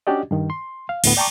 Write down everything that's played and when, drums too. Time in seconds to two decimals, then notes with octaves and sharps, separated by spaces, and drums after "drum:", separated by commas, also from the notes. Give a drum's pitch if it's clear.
0.07 C#4 D4 F#4 G4 D5 D#5
0.31 G2 D#3
0.50 C6
0.89 F5
1.04 D2 A2 B3, drum: cymbal
1.17 D5 G5 A5 A#5 C#6 D6